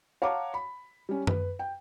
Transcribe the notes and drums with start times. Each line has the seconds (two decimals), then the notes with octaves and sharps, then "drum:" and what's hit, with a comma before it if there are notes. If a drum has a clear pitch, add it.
0.22 C#5 F5 F#5 A5 A#5 D6
0.54 B5
1.09 G3 C#4
1.27 B4, drum: tom F#2
1.59 G5